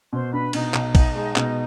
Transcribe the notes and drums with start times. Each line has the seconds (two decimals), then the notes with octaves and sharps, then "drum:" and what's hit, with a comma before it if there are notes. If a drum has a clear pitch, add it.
0.12 B2 C5 C6
0.33 D4 B4 B5
0.53 B2 D#4 D#5, drum: cymbal
0.74 B1, drum: clap
0.95 B1, drum: kick, cymbal
1.15 G#3
1.36 B2, drum: clap